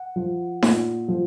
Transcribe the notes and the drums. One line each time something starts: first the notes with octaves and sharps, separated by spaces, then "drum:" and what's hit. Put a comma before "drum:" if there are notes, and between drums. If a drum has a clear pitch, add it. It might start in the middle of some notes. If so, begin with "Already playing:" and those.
Already playing: F#5
F3
A#2, drum: snare D#4
F3